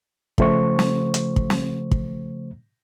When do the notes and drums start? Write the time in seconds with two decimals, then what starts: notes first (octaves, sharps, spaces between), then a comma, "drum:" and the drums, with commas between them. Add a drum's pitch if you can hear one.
0.38 C#3 F3 A3 C5 C#6, drum: kick
0.79 drum: snare
1.14 drum: hi-hat
1.36 drum: kick
1.50 drum: snare
1.91 drum: kick